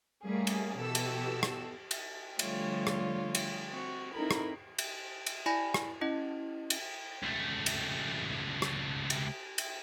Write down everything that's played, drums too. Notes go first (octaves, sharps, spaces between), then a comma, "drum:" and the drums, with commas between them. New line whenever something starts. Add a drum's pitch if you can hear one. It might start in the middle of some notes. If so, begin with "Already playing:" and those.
G3 A3 A#3 C#4 G#4
drum: cymbal
B2 E3 G4 A4 E6
drum: cymbal
drum: rim click
drum: cymbal
D3 F3 G3 A3 F4 C#5, drum: cymbal
drum: rim click
drum: cymbal
C4 F#4
C4 D#4 E4 A4 A#4 B5
drum: rim click
drum: cymbal
drum: cymbal
E4 D5 G#5 B5 A#6
drum: rim click
C#4 E4 D#5
drum: cymbal
C#2 A3
drum: cymbal
drum: rim click
drum: cymbal
drum: cymbal